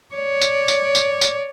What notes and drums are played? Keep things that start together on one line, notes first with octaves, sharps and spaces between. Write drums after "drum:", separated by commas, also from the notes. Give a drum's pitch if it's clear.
C#5 D5
drum: tambourine
drum: tambourine
drum: tambourine
drum: tambourine